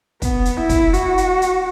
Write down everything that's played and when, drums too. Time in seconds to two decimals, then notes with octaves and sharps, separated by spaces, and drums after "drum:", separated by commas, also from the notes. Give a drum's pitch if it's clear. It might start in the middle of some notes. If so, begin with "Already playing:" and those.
0.22 B3, drum: kick, hi-hat
0.45 drum: hi-hat
0.57 E4
0.69 drum: kick, hi-hat
0.94 F#4, drum: hi-hat
1.18 drum: hi-hat
1.42 drum: hi-hat